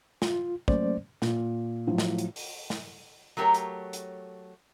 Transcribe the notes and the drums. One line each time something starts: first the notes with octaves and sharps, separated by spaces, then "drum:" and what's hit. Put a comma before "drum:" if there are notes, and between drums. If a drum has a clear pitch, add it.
F4, drum: snare
F#3 A3 A#3 C#4 C5 D5, drum: kick
A#2, drum: snare
A2 F3 F#3
drum: snare
drum: hi-hat
drum: open hi-hat
drum: snare
F#3 A3 G4 A4 A#4 C#5
drum: hi-hat
drum: hi-hat